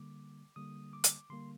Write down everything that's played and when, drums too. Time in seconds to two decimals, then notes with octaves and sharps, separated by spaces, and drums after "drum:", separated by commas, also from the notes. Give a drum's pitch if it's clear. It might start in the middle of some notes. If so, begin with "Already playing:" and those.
Already playing: D3 G3 A#3 D6
0.56 D3 G3 A#3 D#6
0.93 D6
1.04 drum: hi-hat
1.30 D3 G3 A#3 C6